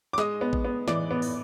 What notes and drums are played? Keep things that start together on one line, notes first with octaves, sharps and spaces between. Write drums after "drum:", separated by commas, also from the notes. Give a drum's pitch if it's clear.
D6
G#3 D#5 D#6, drum: snare
B3
drum: kick A1
B3
E3 D5 D6, drum: snare
B3
drum: open hi-hat